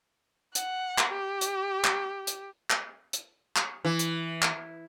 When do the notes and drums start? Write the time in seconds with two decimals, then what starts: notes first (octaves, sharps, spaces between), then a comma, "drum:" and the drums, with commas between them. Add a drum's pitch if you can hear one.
0.55 F#5, drum: hi-hat
0.98 drum: clap
1.13 G4
1.41 drum: hi-hat
1.84 drum: clap
2.27 drum: hi-hat
2.70 drum: clap
3.13 drum: hi-hat
3.56 drum: clap
3.85 E3
3.99 drum: hi-hat
4.42 drum: clap